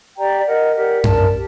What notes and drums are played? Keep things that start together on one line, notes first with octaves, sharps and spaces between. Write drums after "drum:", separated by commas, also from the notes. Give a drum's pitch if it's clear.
G4 D5 G5 A#5
A#4 D#5 F#5
G4 A#4 D5 F#5
A#4 D5 A5, drum: tom F#2
G4